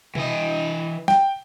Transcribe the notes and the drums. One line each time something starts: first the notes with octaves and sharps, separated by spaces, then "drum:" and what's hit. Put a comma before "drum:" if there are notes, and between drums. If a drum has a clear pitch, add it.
E3 D#5, drum: tom C3
G5, drum: snare